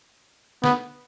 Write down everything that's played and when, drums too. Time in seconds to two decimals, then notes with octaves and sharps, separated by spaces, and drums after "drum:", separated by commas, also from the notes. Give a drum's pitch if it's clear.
0.64 B3, drum: snare